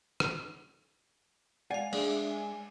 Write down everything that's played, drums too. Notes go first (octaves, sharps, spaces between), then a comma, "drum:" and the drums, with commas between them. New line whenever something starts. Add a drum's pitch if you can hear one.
drum: rim click
G#3 D5 F5 F#5 G#5
G#3 D4 D5 E5, drum: cymbal
G#5